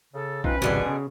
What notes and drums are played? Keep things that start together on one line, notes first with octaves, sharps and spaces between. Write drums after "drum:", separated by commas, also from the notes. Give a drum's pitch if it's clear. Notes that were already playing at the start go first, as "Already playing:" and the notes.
C#3 A4
C4 C#4 D#4 F4 B4, drum: kick
G1 C2 B2 D3 E3 G#4
C#3